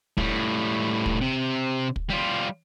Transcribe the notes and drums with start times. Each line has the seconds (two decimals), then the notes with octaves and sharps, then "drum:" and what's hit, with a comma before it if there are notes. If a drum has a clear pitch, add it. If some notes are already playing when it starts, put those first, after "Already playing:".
0.17 A2 G3, drum: kick
1.06 drum: kick
1.21 C3
1.96 drum: kick
2.10 G3 F4